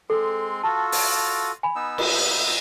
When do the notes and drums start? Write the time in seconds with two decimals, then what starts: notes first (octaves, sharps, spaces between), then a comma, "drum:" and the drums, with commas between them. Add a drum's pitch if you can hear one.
0.10 G#3 C4 A4 C6
0.63 F4 F#4 A4 A5
0.92 drum: open hi-hat
1.63 G#5 B5
1.76 B3 D#4 E6
1.98 drum: cymbal